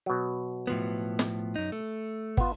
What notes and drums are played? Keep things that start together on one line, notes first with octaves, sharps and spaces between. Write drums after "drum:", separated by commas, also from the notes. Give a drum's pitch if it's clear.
B2 F#3
A2 F3 B3
drum: snare
F#2 D#4
A3
B3 F4, drum: kick